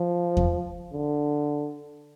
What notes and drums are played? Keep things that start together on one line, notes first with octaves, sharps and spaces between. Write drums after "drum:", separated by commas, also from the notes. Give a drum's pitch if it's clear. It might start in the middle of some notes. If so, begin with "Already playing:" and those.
Already playing: F3
drum: kick E2
D3